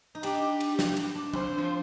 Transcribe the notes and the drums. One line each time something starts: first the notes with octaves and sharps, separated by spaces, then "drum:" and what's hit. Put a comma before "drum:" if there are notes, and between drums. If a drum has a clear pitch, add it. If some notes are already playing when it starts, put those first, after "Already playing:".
D#4
D4 G4, drum: cymbal
drum: cymbal
drum: snare
D4, drum: cymbal
D4
C4 C5, drum: tom F#3
F3